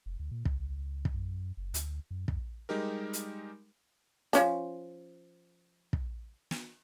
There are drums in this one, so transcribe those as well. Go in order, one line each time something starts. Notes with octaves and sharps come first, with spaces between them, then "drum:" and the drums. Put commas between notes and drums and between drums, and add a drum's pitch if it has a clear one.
F1
D2
A#2
C#2, drum: kick
drum: kick
F#2
F#1
D2, drum: hi-hat
F#2
F2, drum: kick
G3 G#3 D#4 G4 A#4
drum: hi-hat
F3 C#4 D4, drum: hi-hat
drum: kick
drum: snare